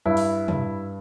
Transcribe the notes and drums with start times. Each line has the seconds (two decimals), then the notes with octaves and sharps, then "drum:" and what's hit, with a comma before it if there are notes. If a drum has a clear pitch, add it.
0.06 G2 E4
0.17 drum: open hi-hat
0.48 G2, drum: tom